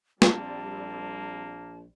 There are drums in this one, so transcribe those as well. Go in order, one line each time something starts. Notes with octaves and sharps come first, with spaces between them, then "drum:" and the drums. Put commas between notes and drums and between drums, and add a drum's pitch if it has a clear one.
A#1 G3 A#3 C4 A5, drum: snare